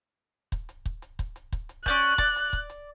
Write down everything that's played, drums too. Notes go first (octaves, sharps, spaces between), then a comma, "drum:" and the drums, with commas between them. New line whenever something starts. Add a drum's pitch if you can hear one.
drum: kick, hi-hat
drum: hi-hat
drum: kick
drum: hi-hat
drum: kick, hi-hat
drum: hi-hat
drum: kick, hi-hat
drum: hi-hat
C#4 D5 F#6 G6, drum: kick, hi-hat
drum: hi-hat
D5, drum: kick, hi-hat
drum: hi-hat
drum: kick, hi-hat
drum: hi-hat